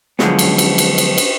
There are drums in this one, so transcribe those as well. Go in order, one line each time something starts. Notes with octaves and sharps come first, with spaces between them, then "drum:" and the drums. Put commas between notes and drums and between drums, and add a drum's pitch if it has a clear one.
D3 F3 F#3 G#3 B3, drum: snare
drum: cymbal
drum: cymbal
drum: cymbal
drum: cymbal
drum: cymbal